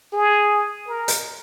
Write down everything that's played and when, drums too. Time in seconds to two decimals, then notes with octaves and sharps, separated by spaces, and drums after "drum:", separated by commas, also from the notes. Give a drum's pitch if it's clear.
0.13 G#4
0.87 A#4
1.08 drum: hi-hat